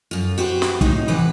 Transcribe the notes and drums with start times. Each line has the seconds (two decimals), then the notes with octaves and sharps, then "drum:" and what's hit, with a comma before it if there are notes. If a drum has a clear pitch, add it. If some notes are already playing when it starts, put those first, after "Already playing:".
0.11 F#2 F4
0.38 F#4 G4 B4 C5
0.62 drum: snare
0.81 A2 C3 G#3 D#4, drum: kick
1.08 C3 E3 B4 F#5